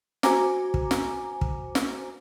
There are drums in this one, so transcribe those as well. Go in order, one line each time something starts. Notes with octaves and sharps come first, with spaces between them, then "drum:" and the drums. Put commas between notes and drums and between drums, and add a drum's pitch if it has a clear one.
F#4 C5 G#5 A#5 D6, drum: snare
drum: kick
drum: snare
drum: kick
drum: snare